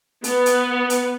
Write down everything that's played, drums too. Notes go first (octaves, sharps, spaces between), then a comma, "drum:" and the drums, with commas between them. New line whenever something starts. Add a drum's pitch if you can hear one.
B3, drum: hi-hat
drum: hi-hat
drum: hi-hat